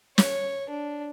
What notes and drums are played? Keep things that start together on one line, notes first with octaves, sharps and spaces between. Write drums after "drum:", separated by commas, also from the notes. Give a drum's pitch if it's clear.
C#5, drum: snare
D4